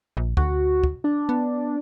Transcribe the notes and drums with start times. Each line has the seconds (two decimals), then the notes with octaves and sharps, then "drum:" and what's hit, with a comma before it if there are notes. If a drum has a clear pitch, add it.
0.17 A#1
0.37 D2 F#4, drum: kick
0.84 drum: kick
1.04 D4
1.29 B3